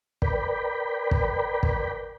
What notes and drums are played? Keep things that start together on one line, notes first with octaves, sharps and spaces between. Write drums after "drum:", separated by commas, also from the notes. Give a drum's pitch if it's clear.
A#4 B4 D5 G5 B5, drum: kick
drum: kick
drum: kick